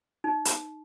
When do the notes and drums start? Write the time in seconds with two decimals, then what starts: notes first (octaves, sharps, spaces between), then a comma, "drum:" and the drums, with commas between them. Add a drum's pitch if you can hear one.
0.24 D#4
0.45 drum: hi-hat